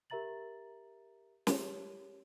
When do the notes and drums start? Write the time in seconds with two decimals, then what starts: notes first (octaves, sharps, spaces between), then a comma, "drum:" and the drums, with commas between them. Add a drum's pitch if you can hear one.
0.10 G4 A#4 E5 A#5 A6 F#7
1.47 G4 C#5, drum: snare